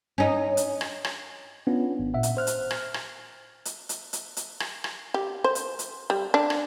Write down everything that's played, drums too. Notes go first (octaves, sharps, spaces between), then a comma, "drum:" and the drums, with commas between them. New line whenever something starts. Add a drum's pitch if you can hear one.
C#4 D#4
drum: hi-hat
drum: rim click
drum: rim click
B3 C#4 D4 F4
G#1
A#2 E5 F#5
drum: hi-hat
C5 F6 F#6
drum: hi-hat
drum: rim click
drum: rim click
drum: hi-hat
drum: hi-hat
drum: hi-hat
drum: hi-hat
drum: rim click
drum: rim click
G4
C5
drum: hi-hat
drum: hi-hat
G3
D4
drum: rim click